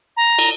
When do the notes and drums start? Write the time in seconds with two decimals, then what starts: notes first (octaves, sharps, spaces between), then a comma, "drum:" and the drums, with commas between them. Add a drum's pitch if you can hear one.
0.17 A#5
0.39 drum: cymbal